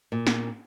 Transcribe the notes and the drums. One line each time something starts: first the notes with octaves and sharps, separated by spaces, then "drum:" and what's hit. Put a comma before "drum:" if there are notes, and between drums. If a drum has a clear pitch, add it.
A#2
drum: snare